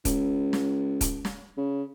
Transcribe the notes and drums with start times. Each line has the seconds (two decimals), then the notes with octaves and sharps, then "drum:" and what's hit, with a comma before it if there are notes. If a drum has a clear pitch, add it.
0.05 C#2, drum: kick, hi-hat
0.53 drum: snare
1.01 drum: kick, hi-hat
1.25 drum: snare
1.57 C#3